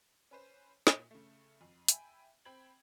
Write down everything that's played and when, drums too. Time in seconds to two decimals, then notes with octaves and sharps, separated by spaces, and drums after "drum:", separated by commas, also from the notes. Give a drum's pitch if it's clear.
0.31 C#4 B4 C5
0.87 A#2 E5, drum: snare
1.11 C#3 A3
1.61 F2
1.88 E5 G5 G#5 B5, drum: hi-hat
2.45 C4 G5 B5 G#6 F#7